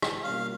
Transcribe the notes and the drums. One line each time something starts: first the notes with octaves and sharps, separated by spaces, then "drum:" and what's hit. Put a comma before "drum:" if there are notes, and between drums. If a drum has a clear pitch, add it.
drum: rim click
B2 G3 A#3 C#4 F4 F5